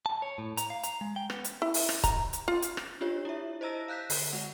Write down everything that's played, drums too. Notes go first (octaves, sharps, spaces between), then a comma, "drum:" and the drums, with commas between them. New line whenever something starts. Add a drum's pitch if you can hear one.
A5
C#5
A2
A#5, drum: hi-hat
F5
A#5, drum: hi-hat
G#3
G5
B3, drum: rim click
drum: hi-hat
E4
drum: open hi-hat
drum: rim click
A#5, drum: kick, hi-hat
drum: hi-hat
F4
drum: hi-hat
drum: rim click
D4 F4 G4 C#5
E4 E5
C5 D#5 A5 A#5 E6 A#6
F5 F#6 G6 A#6 B6
D3 C7, drum: open hi-hat
G#3 F#5